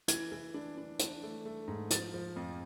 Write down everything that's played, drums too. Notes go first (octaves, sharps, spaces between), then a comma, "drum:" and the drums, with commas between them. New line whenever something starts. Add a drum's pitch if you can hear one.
E3 G#6, drum: hi-hat
E3
D4
D4
D4, drum: hi-hat
A3
A3
G#2
F3 A6, drum: hi-hat
F3
F2